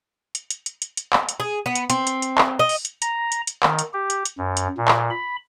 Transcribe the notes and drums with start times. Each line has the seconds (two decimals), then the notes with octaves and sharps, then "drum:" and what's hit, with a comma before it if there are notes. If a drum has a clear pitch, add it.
0.35 drum: hi-hat
0.50 drum: hi-hat
0.66 drum: hi-hat
0.82 drum: hi-hat
0.97 drum: hi-hat
1.13 drum: clap
1.29 drum: hi-hat
1.40 G#4
1.66 B3
1.75 drum: hi-hat
1.90 C4, drum: hi-hat
2.07 drum: hi-hat
2.22 drum: hi-hat
2.38 drum: clap
2.59 D#5
2.69 drum: open hi-hat
2.85 drum: hi-hat
3.02 A#5, drum: hi-hat
3.32 drum: hi-hat
3.47 drum: hi-hat
3.63 D#3, drum: clap
3.79 drum: hi-hat
3.94 G4
4.10 drum: hi-hat
4.25 drum: hi-hat
4.38 F#2
4.57 drum: hi-hat
4.77 A#2
4.88 drum: clap
5.10 B5